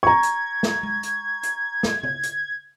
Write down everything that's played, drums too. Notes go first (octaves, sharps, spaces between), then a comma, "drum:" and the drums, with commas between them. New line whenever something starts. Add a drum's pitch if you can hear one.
A#5 C#6 G#6
drum: hi-hat
drum: snare
drum: tom G#3
drum: hi-hat
drum: hi-hat
drum: snare
drum: tom
drum: hi-hat